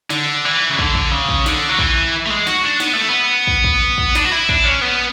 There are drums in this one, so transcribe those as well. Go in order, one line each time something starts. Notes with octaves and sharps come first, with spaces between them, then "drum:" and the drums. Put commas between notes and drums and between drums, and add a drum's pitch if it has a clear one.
D3, drum: snare
E3
C#3
D3, drum: kick
drum: kick
C#3
drum: kick
D3, drum: snare
F#3
E3, drum: kick
A3
G#3
F#4, drum: snare
D4
B3, drum: snare
A3
B3
drum: kick
drum: kick
drum: kick
D4, drum: snare
F#4
E4
D4, drum: kick
C#4
B3